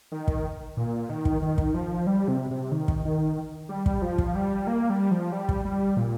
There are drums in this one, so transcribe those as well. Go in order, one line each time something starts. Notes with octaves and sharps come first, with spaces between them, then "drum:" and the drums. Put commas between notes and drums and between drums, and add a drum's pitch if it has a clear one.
D#3
drum: kick
A#2
D#3
drum: kick
D#3
drum: kick
F3
G3
C3
C3
D#3
drum: kick
D#3
G3
drum: kick
F3
drum: kick
G3
A#3
G3
F3
G3
drum: kick
G3
A#2